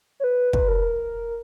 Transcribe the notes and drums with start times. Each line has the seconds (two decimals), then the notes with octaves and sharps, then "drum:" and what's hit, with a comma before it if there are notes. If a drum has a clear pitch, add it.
0.20 C#5
0.24 B4
0.53 B4, drum: kick
0.68 A#4